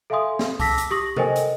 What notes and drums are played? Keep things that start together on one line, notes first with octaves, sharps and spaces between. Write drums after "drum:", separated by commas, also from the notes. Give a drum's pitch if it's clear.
A4 E5 F5 G#5 C6 D#6
drum: snare
A5 D6 E6 A#6 B6, drum: kick C2, open hi-hat
drum: hi-hat
G4 C#6 D#6 A#6 F#7
A4 A#4 C5 D#5 G5 G#5, drum: tom C3
drum: hi-hat